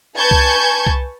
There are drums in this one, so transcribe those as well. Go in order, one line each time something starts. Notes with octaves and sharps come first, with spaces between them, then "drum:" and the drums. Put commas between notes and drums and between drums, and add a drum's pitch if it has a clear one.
B4 G#5 A5 C#6 G6 G#6
drum: kick C2
drum: kick C2